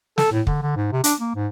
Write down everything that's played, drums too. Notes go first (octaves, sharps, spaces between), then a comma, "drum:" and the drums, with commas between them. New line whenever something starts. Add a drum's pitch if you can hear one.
A4, drum: snare
A2
D3, drum: kick
D3
G#2
C3
D4, drum: hi-hat
A#3
G#2